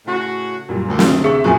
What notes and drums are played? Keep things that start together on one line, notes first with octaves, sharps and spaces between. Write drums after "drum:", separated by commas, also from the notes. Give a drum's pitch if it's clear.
A2 C#3 F#4
F#2 A#2 G3
D2
drum: snare
C3 G#4 E5 C#6
F2 A#2 C#3 F#3 G#5 C#6